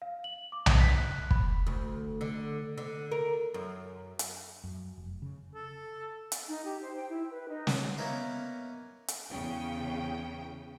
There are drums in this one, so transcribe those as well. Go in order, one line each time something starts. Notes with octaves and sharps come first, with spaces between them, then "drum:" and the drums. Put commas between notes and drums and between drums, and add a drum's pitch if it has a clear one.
F5
F#7
D6
drum: tom B1
B6
F#6
B5, drum: kick
D2
D3
D3
A#4
F#2
drum: hi-hat
F#2
F1
C#3
A4
drum: hi-hat
D#4
G4
C5
G5
E4
B4
D#4
drum: snare
A#3 B3 C#4 D#4 A#4 E5
drum: hi-hat
E2 C#3 G5